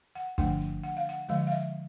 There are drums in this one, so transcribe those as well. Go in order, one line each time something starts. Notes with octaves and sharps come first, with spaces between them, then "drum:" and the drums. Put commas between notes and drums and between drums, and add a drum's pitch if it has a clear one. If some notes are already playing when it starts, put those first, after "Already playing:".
F#5
D3 F3 A3 D4 F#5, drum: kick G1, hi-hat
drum: hi-hat
F#5
F5
F#5, drum: hi-hat
D3 F3 G#3 F5, drum: open hi-hat
F5
E5, drum: hi-hat